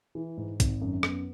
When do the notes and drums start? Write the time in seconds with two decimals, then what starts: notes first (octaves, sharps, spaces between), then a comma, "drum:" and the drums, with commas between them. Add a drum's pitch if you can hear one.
0.15 E3
0.37 G#2
0.60 G#1, drum: kick, hi-hat
0.82 F#2
1.03 B3, drum: rim click